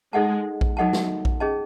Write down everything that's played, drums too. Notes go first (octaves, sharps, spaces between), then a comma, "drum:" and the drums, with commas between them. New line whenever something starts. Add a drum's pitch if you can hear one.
G#3 D#4 A4 D#5 F#5 A5
drum: kick A#1
F#3 D#4 A4 D#5 F#5 A5
drum: snare
drum: kick A#1
C#4 G#4 D#5 A5